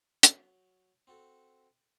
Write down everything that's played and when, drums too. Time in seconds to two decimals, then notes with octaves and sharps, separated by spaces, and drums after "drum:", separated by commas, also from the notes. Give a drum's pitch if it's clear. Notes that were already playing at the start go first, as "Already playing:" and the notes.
0.23 F#3, drum: hi-hat
1.07 C4 F#4 A4